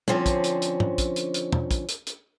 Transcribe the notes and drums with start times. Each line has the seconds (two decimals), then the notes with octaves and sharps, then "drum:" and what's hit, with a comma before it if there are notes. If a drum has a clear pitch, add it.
0.08 D3 F3 C4 C#4, drum: tom
0.26 drum: kick, hi-hat
0.44 drum: hi-hat
0.62 drum: hi-hat
0.80 drum: tom
0.98 drum: kick, hi-hat
1.16 drum: hi-hat
1.34 drum: hi-hat
1.52 drum: tom
1.71 drum: kick, hi-hat
1.89 drum: hi-hat
2.07 drum: hi-hat